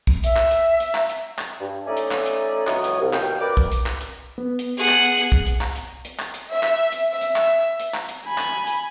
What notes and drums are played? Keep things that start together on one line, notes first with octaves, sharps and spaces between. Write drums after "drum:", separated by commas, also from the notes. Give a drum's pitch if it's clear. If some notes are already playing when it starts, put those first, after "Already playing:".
drum: kick
E5, drum: hi-hat
drum: clap
drum: hi-hat
drum: hi-hat
drum: clap
drum: hi-hat
drum: clap
G2
A3 C#4 D#4 D5 E5 G#5
drum: hi-hat
drum: clap
drum: hi-hat
C#2 E3 F#3 C#5 D#6, drum: clap
drum: hi-hat
C2
D#2 B2 F5 G5, drum: clap
F#2 A#4 B4 D5 D6
drum: kick
drum: hi-hat
drum: clap
drum: hi-hat
B3
drum: hi-hat
G#4 F#5
drum: clap
drum: hi-hat
drum: kick
drum: hi-hat
drum: clap
drum: hi-hat
drum: hi-hat
drum: clap
drum: hi-hat
E5
drum: clap
drum: hi-hat
E5
drum: hi-hat
drum: clap
drum: hi-hat
drum: clap
drum: hi-hat
G#5 B5
drum: clap
drum: hi-hat